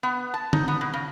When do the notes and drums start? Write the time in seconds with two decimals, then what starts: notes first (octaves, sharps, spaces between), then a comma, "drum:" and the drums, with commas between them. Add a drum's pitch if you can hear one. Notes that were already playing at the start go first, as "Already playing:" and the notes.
0.03 B3
0.34 A5
0.53 D#4, drum: tom D3
0.68 B3
0.81 B2
0.94 C#3